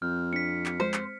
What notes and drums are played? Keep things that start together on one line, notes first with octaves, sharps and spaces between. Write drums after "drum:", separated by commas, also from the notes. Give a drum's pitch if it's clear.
F2 F6 G6
C4 D4 B6 C#7
drum: clap
G#3 C4 C5
drum: clap